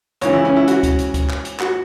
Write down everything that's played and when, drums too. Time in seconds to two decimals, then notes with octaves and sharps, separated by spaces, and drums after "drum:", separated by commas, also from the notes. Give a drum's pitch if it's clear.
0.21 C#2 C#3 E3 C#5, drum: hi-hat
0.33 E4
0.45 C#4
0.56 E4
0.68 F#4, drum: hi-hat
0.83 drum: kick C#2, hi-hat
0.99 drum: hi-hat
1.14 drum: kick C#2, hi-hat
1.30 drum: clap
1.45 drum: hi-hat
1.60 F#4, drum: clap